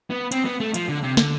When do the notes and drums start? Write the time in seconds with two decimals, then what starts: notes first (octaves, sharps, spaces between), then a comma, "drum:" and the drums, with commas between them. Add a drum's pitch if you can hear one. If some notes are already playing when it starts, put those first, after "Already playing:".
0.10 B3
0.32 C4, drum: hi-hat
0.45 B3
0.60 A3
0.74 F3, drum: hi-hat
0.89 D3
1.03 C3
1.17 D3, drum: snare